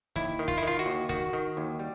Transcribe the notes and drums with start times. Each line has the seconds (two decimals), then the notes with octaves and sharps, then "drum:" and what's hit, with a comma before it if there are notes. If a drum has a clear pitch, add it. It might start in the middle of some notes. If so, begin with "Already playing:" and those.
0.16 D#2 E4, drum: snare
0.39 D#3
0.48 F4, drum: kick, hi-hat
0.58 E4
0.63 D#3 F4
0.79 F#4
0.86 D#2
1.09 D#3 F#4, drum: kick, hi-hat
1.33 D#3
1.57 D#2
1.79 G3